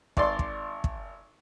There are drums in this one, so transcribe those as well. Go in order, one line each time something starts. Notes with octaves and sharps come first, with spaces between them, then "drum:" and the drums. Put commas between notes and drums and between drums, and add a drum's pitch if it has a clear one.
G#1 D5 C6, drum: kick
drum: kick
drum: kick